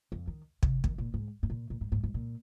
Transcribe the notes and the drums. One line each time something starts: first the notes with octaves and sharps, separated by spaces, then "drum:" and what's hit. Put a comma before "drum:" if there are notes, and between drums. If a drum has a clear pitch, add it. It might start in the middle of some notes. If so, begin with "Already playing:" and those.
F2
D#3
C3, drum: kick
D#3, drum: kick
A#2
G#2
G#2
A#2
A#2
G#2
G#2
G#2
A#2